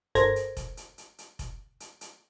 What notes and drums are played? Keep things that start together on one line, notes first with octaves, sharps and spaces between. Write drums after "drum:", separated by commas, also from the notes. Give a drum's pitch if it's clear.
G1 A4 A#4 C5 G#6 A#6, drum: hi-hat
drum: hi-hat
drum: kick F1, hi-hat
drum: hi-hat
drum: hi-hat
drum: hi-hat
drum: kick F1, hi-hat
drum: hi-hat
drum: hi-hat